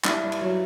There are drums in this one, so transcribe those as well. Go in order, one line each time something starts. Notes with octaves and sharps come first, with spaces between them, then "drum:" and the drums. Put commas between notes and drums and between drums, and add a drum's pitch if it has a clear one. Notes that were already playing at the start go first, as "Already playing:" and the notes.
G2 D4 E4, drum: clap
G2
drum: cymbal
F#3